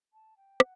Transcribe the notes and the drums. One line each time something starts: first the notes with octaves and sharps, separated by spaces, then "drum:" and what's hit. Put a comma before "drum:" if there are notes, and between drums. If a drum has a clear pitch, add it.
A5
G5
F#5, drum: rim click